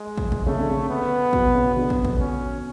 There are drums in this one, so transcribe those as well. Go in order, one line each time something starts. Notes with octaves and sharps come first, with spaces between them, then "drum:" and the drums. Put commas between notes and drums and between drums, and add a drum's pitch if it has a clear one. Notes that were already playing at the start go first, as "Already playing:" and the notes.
Already playing: G#3
drum: kick
drum: kick
C#3 A3
D3
C#3
B3
B2, drum: kick
C#3
B2 D3 B3
drum: kick
drum: kick
C#4